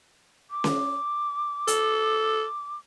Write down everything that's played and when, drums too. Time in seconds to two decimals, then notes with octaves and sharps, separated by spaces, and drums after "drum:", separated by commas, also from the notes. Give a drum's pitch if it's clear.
0.51 D6
0.64 drum: snare C#4
1.68 A4, drum: hi-hat